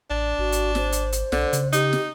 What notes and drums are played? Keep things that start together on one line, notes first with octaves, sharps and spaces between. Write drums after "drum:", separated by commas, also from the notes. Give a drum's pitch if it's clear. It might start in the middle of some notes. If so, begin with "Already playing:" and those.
A1 D4
G#1 F#4
drum: hi-hat
C5, drum: snare
drum: hi-hat
drum: hi-hat
B1 D3, drum: snare
C#3, drum: hi-hat
D#4 G4, drum: hi-hat
drum: snare